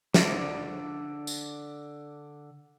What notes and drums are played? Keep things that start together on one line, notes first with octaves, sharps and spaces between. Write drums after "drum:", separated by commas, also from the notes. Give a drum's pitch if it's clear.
D3 D4 D5, drum: snare
drum: tambourine